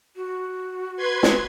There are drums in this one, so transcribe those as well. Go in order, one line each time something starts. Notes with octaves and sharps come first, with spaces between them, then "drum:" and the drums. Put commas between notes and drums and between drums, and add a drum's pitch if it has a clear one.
F#4
B4 C6 G#6
drum: snare